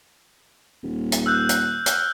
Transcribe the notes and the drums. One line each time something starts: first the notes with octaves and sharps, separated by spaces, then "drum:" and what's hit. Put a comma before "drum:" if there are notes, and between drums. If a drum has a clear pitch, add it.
D#1
drum: hi-hat
E6 F#6 G6
drum: hi-hat
F6, drum: hi-hat